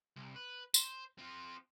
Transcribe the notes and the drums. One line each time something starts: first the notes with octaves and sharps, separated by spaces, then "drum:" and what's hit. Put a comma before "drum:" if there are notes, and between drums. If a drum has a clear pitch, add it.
C2
B4
C5, drum: tambourine
C4 F4